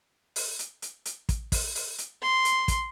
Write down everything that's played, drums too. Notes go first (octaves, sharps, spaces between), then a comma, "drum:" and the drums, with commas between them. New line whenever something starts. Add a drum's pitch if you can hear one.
drum: open hi-hat
drum: hi-hat
drum: hi-hat
drum: hi-hat
drum: kick, hi-hat
drum: kick, open hi-hat
drum: open hi-hat
drum: hi-hat
C6
drum: hi-hat
drum: kick, hi-hat